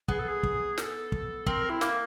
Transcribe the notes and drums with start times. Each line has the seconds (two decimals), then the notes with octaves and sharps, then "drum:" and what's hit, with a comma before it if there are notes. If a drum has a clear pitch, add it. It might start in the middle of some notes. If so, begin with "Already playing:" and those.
0.08 B3 G#4, drum: kick
0.19 A4
0.28 G#4
0.43 drum: kick
0.78 A#4, drum: snare
0.82 A4
1.12 drum: kick
1.46 C4 A#4, drum: kick
1.70 E4
1.81 A#3, drum: snare